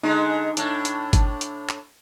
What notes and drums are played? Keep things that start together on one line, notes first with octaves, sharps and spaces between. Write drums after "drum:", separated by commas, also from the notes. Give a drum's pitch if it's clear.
D3 G#3 D#4
A2 D4, drum: hi-hat
drum: hi-hat
drum: kick G1, hi-hat
drum: hi-hat
drum: clap